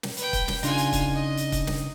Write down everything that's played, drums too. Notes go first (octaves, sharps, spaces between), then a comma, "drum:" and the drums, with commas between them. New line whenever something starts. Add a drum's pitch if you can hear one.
drum: snare
B4 G5, drum: hi-hat
drum: kick, hi-hat
drum: snare
C#3 D4 D#4 F4 G#5, drum: hi-hat
drum: hi-hat
drum: kick, hi-hat
D#5
drum: hi-hat
drum: kick, hi-hat
drum: snare